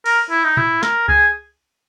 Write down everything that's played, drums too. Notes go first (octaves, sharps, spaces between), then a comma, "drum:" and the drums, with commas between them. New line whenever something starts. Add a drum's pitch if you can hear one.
A#4, drum: cymbal
E4
D#4
E4, drum: tom A2
A#4, drum: snare
G#4, drum: kick C#2